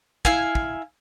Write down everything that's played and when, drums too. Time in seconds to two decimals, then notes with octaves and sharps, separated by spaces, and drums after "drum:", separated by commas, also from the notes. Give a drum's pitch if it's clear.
0.25 E4 F5 G#5, drum: kick
0.55 drum: kick